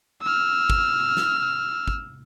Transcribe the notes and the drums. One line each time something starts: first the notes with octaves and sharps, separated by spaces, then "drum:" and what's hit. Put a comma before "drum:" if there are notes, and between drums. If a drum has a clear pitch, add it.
E6 F6
drum: kick
drum: snare
drum: kick